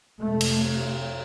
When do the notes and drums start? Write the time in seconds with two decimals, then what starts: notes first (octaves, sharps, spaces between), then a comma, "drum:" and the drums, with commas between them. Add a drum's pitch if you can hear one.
0.19 F2 C3 A3
0.41 drum: cymbal